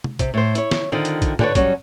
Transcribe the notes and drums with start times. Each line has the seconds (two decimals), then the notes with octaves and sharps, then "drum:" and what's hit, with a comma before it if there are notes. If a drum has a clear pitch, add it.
0.04 drum: tom C3
0.19 C3, drum: kick, hi-hat
0.34 A2 C5
0.55 E4 C#5, drum: hi-hat
0.71 drum: snare
0.92 D3 D#3 C4 F4
1.05 drum: hi-hat
1.22 drum: kick, hi-hat
1.39 D3 D4 G4 A#4 B4 C#5, drum: tom
1.55 F#3 G3 C#4 F#4, drum: kick, hi-hat